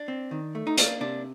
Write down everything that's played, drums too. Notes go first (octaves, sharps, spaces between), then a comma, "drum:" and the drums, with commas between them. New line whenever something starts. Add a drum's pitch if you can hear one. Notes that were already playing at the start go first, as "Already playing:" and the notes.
Already playing: D4
C4
D#3
A3
D#4
A#3 D4, drum: hi-hat
C3 D4